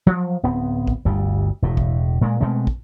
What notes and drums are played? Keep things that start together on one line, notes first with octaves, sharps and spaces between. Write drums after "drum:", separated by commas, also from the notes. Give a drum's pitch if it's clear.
F3 F#3
D1 B3 C4
drum: kick
G1 D2 G3
E1 A2
drum: kick
A#2 G#3 A#3
B2 G#3 A3 C4
drum: kick